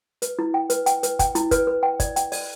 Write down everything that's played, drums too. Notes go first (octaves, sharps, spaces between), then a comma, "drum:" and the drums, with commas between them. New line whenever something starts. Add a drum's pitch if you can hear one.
B4, drum: hi-hat
E4
G5
B4, drum: hi-hat
G5, drum: hi-hat
B4, drum: hi-hat
G5, drum: kick, hi-hat
E4, drum: hi-hat
B4, drum: kick, hi-hat
B4
G5
D5, drum: kick, hi-hat
G5, drum: hi-hat
D5, drum: open hi-hat